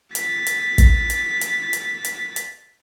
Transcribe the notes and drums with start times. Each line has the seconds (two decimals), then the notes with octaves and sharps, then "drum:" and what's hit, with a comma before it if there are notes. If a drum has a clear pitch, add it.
0.15 A6 B6, drum: hi-hat
0.47 drum: hi-hat
0.78 drum: kick, hi-hat
1.10 drum: hi-hat
1.41 drum: hi-hat
1.73 drum: hi-hat
2.05 drum: hi-hat
2.36 drum: hi-hat